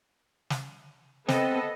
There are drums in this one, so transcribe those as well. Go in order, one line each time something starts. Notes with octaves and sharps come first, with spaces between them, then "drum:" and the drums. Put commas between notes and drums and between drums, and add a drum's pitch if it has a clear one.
drum: snare
B3 C4 A4 D#5, drum: snare